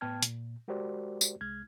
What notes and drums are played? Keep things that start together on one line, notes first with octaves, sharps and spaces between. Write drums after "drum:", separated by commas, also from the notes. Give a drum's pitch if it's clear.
A2 B3 G5 A5 F6 G#6
A#2, drum: hi-hat
G#3 F#4 G4 A#4 C5 D5
drum: tambourine
C2 G#3 F6 G#6